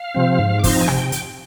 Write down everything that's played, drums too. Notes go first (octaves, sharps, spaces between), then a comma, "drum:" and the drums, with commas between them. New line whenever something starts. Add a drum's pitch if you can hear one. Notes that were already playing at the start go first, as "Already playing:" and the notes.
Already playing: F5
C3 F3 C4
G#2
D6
F3 C4 D#4 C6, drum: kick, open hi-hat
A#5
G#5
C3 G5, drum: rim click
drum: hi-hat